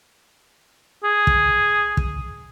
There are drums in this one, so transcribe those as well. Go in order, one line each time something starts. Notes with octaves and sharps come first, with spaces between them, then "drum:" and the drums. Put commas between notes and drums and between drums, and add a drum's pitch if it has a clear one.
G#4
drum: kick
drum: kick